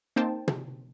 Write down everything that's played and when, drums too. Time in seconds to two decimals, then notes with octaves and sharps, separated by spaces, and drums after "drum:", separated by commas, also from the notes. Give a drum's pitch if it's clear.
0.16 A#3 C4 D#4 C5 G5 A5
0.48 drum: tom